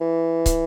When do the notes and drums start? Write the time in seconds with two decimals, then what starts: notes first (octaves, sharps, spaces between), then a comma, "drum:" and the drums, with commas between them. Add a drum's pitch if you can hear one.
0.01 E3
0.46 drum: kick, hi-hat